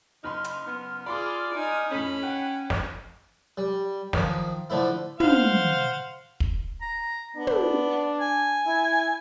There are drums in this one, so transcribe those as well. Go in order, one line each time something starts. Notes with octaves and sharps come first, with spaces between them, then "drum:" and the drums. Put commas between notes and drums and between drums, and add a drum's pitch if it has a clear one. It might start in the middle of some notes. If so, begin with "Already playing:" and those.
F#1 D#4 B5 C6 F6
drum: hi-hat
B3
F4 G#4 D5 B5 C6 D6
D#4 G#5
F2 A2 A3 C#4 B5
F#5 G5 F#6
drum: snare
G3
D#3 F3, drum: snare
D3 F3 A3 E4
C5 F5 F#5, drum: tom
drum: kick
A#5
B3 D4
drum: tom
G#5
E4